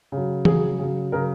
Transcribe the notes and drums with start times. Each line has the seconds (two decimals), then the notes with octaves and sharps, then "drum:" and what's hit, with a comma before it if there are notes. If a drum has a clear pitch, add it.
0.12 C#3 F#3
0.45 C#3 F#3 G#4, drum: tom
0.79 C#3 F#3
1.12 C#3 F#3 A#4